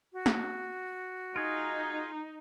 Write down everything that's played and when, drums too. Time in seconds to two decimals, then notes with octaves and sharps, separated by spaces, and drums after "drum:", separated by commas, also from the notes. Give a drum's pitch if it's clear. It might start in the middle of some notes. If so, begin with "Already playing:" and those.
0.13 F#4
0.26 drum: snare
1.36 D#4 F4 G#4